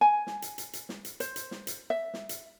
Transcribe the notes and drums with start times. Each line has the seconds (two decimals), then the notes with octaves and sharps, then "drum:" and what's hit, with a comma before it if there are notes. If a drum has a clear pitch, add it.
0.01 G#5
0.27 drum: snare
0.42 drum: hi-hat
0.58 drum: hi-hat
0.73 drum: hi-hat
0.89 drum: snare
1.05 drum: hi-hat
1.20 C5, drum: hi-hat
1.36 drum: hi-hat
1.51 drum: snare
1.67 drum: hi-hat
1.90 E5
2.14 drum: snare
2.29 drum: hi-hat